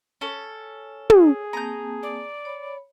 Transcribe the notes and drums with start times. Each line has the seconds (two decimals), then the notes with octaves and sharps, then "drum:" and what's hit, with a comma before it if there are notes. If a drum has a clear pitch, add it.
0.21 C#4 A4
1.10 G#4, drum: tom
1.53 A#3 C4 A5 A#5 G6
2.03 D5
2.45 C#5 B5